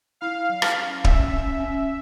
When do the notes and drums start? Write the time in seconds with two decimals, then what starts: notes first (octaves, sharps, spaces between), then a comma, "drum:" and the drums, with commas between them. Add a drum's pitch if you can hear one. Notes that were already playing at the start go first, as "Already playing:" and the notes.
0.21 E4 F5
0.49 F#3
0.62 drum: rim click
0.77 C#4
1.04 C#4 E5, drum: kick
1.33 C#4
1.60 C#4